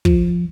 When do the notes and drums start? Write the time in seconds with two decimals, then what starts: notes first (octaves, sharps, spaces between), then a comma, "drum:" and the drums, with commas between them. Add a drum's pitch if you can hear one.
0.05 F3, drum: kick